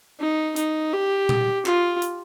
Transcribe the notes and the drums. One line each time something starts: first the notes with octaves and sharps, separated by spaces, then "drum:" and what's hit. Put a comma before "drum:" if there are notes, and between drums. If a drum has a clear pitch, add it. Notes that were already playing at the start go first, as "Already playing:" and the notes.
D#4
D#4, drum: hi-hat
G4
drum: tom A#2
F4, drum: clap
drum: hi-hat